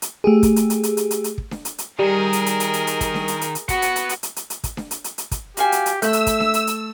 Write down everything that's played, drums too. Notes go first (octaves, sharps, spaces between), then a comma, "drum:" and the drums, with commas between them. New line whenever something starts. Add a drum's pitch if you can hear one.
drum: hi-hat
A3 G4 G#4
drum: kick, hi-hat
drum: hi-hat
drum: hi-hat
drum: hi-hat
drum: hi-hat
drum: hi-hat
drum: hi-hat
drum: kick
drum: snare D4
drum: hi-hat
drum: hi-hat
D#3 G3 G#4 A#4
drum: hi-hat
drum: hi-hat
drum: hi-hat
drum: hi-hat
drum: hi-hat
drum: kick, hi-hat
drum: snare D4
drum: hi-hat
drum: hi-hat
drum: hi-hat
F#4 B4 F#5, drum: kick, hi-hat
drum: hi-hat
drum: hi-hat
drum: hi-hat
drum: hi-hat
drum: hi-hat
drum: hi-hat
drum: kick, hi-hat
drum: snare D4
drum: hi-hat
drum: hi-hat
drum: hi-hat
drum: kick, hi-hat
F#4 G4 F5 G#5, drum: hi-hat
drum: hi-hat
drum: hi-hat
A3 E5 E6 F#6 G6, drum: hi-hat
drum: hi-hat
drum: kick, hi-hat
drum: snare D4
drum: hi-hat
drum: hi-hat